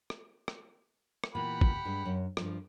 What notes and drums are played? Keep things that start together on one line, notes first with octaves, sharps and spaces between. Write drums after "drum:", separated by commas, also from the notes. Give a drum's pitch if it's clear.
drum: rim click
drum: rim click
drum: rim click
A#2 E3 B3 G4 F#5 B5
drum: kick
G2 G#3
F#2
G2 F3, drum: rim click